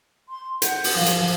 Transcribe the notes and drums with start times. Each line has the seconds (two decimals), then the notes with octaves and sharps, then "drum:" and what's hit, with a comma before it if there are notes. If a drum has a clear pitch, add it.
0.30 C6
0.62 F#5 G6, drum: hi-hat
0.84 drum: open hi-hat
0.95 F3 F5
1.06 drum: hi-hat